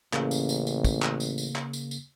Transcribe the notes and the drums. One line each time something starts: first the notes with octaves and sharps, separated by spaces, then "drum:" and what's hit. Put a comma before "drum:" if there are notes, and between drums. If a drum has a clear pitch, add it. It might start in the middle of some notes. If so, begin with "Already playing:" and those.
A1 C#3 A#3, drum: clap
drum: tambourine
drum: tambourine
drum: tambourine
drum: kick, tambourine
drum: clap
drum: tambourine
drum: tambourine
drum: clap
drum: tambourine
drum: tambourine